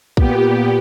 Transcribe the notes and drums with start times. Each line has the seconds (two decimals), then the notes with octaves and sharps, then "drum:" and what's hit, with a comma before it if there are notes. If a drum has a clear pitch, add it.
0.17 A#2 B3 G4, drum: kick